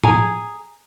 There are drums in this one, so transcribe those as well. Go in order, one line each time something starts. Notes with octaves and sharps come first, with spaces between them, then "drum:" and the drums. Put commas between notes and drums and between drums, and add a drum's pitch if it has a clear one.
G#4 G#5 A#5, drum: tom